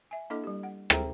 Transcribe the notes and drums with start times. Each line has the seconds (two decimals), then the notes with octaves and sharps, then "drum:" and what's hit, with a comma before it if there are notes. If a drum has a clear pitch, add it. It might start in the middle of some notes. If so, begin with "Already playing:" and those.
0.11 E5 G#5
0.30 A#3 D4 E4 A4 D#5 D6
0.44 G3 G4
0.63 F#5
0.90 G#4 A4 C5 E5 G5 A#5, drum: rim click